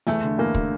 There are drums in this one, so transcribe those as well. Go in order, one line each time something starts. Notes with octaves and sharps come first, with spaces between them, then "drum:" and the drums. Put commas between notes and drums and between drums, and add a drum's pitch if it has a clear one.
E2 A3, drum: hi-hat
D3
E2 A#3
D3, drum: kick